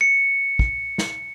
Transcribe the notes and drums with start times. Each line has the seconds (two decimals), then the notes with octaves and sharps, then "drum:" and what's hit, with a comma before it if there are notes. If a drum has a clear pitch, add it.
0.01 C#7
0.59 drum: kick
0.98 drum: snare